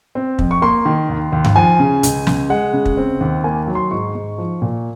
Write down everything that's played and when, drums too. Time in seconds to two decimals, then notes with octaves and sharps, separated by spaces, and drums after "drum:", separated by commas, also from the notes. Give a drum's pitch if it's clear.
0.15 C4
0.39 F2, drum: kick
0.51 C#6
0.62 A#3 C6
0.85 D#3
1.09 D#2
1.32 D#2
1.44 drum: tom G2
1.56 F3 G#5
1.79 C#3
2.03 C#2, drum: hi-hat
2.27 C#2, drum: snare
2.50 G#3 F#5
2.73 C#3
2.85 drum: kick
2.97 C4
3.21 D#2
3.44 A#3 G#5
3.67 F#3
3.75 C6
3.91 G#2 C#6
4.15 G#2
4.38 F3
4.62 A#2